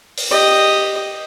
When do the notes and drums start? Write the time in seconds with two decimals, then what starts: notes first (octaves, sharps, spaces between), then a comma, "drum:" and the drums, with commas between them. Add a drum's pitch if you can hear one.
0.17 drum: open hi-hat
0.31 G4 D#5